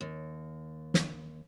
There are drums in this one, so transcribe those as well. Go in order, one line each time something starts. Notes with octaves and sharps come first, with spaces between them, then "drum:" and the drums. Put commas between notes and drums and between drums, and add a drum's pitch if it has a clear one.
D#2
drum: snare